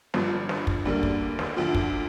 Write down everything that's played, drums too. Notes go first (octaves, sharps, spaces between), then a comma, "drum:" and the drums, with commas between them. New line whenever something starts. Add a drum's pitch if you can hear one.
G1 G2 F3, drum: snare
drum: snare
drum: kick
D2 D3 G3 A#3
drum: kick
drum: snare
D2 D3 F3
drum: kick